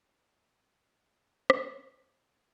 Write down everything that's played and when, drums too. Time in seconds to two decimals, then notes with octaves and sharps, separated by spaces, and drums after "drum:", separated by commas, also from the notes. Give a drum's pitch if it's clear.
0.64 D6
1.07 G5
1.50 drum: rim click
1.73 F4